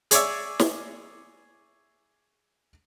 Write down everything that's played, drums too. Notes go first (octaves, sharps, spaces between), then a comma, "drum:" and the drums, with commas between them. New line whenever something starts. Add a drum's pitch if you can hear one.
G#4 C#5 D5 E5, drum: hi-hat
drum: snare